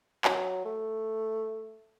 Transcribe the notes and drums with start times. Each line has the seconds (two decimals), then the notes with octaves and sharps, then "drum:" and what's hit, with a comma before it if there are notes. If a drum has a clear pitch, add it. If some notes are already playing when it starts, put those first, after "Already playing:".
0.25 F#3, drum: clap
0.65 A3